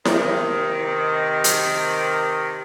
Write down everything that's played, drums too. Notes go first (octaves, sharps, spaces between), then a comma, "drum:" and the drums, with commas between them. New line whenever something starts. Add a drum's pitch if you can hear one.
C3 D#3, drum: snare E4
drum: hi-hat